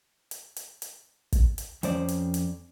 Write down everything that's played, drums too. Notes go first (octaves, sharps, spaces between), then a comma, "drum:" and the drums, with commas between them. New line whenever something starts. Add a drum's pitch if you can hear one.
drum: hi-hat
drum: hi-hat
drum: hi-hat
drum: kick, hi-hat
drum: hi-hat
F2 C#4 C5 D5, drum: hi-hat
drum: hi-hat
drum: hi-hat